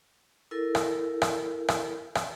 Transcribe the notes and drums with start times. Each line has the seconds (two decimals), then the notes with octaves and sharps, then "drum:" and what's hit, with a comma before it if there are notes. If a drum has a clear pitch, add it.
0.51 E4 A4 A#4
0.75 drum: rim click
1.22 drum: rim click
1.68 drum: rim click
2.15 drum: rim click